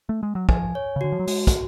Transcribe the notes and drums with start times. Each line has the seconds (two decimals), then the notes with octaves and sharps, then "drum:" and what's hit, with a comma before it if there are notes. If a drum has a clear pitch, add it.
0.09 A3
0.23 G#3
0.35 F#3
0.49 F3 G#5, drum: kick
0.75 C#5
0.96 C#3
1.01 D3 F#4
1.12 F3
1.19 F#3
1.27 G#3 F#4, drum: open hi-hat
1.47 drum: kick, hi-hat